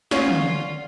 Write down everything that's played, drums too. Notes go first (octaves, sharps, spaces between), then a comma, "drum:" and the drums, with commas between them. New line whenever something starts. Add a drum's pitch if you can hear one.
C#4 F4 D5 F#5, drum: snare
drum: tom